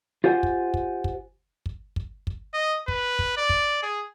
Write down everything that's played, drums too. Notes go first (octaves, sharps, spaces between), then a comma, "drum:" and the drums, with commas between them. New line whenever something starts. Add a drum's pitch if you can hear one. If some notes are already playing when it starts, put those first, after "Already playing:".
F4 G4 C5 F#5 G#5
drum: kick
drum: kick
drum: kick
drum: kick
drum: kick
drum: kick
D#5
B4, drum: kick
drum: kick
D5
drum: kick
G#4